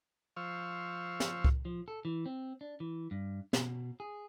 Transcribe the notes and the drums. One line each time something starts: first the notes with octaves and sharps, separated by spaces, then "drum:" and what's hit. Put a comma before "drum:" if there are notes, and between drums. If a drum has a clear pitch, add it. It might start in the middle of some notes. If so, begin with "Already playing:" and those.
F3 C5 F5 C#6 E6
drum: snare
drum: kick C2
F3
A4
E3
C4
D4
E3
G2
B2, drum: snare
G#4